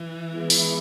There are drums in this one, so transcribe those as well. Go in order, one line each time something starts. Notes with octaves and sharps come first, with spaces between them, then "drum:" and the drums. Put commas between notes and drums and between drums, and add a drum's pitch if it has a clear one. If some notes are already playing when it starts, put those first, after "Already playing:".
Already playing: E3
G#3 B3 E4 G#4
drum: open hi-hat